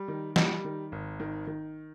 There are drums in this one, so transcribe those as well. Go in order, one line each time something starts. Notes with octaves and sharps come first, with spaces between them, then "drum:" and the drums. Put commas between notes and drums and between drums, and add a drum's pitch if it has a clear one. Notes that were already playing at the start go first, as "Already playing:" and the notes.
Already playing: G3
D#3
G3, drum: snare
D#3
G#1
D#3
D#3